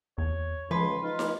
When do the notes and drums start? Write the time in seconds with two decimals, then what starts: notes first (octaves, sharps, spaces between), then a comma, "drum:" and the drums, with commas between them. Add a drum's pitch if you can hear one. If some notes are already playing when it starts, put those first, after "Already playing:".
0.18 E2 C#5
0.71 C#2 F3 B4 C6
1.03 D#4 F4
1.19 drum: snare